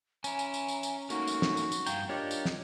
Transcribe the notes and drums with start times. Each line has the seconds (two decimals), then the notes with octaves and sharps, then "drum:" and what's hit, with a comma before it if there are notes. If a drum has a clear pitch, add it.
0.24 C#4 E5 G#5 A#5, drum: tambourine
0.39 drum: tambourine
0.54 drum: tambourine
0.68 drum: tambourine
0.83 drum: tambourine
1.10 A3 A#3 D#4 F#4 A#4, drum: tambourine
1.27 drum: tambourine
1.42 drum: snare
1.57 drum: tambourine
1.72 drum: tambourine
1.86 G2 F5 G5 A#5, drum: tambourine
2.09 D4 F4 G4 A#4 C#5 D#5
2.31 drum: tambourine
2.45 drum: snare